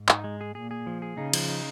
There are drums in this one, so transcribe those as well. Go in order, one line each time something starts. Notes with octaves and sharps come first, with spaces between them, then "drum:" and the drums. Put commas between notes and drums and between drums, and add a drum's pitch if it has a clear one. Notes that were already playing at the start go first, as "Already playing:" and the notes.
Already playing: G#2
D#4, drum: clap
G#3
G#4
A#2 G#4
G#4
F3
G#4
C#3 D#4
F3, drum: cymbal
D#4